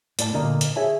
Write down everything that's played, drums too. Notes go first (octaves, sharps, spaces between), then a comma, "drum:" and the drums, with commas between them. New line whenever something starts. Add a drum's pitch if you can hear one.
A2 D5 A5, drum: hi-hat
A#2 D3 A#3 D#5 A#5
drum: hi-hat
G#4 C#5 E5 G#5 A5